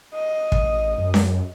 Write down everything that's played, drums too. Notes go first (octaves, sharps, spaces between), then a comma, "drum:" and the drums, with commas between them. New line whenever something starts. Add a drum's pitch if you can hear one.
D#5
drum: kick
A1
F#2
drum: snare C#4